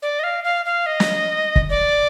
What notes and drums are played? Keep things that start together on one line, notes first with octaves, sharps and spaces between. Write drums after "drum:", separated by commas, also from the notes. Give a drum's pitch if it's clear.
D5
D#5
F5
F5
F5
D#5
drum: snare
drum: kick
D5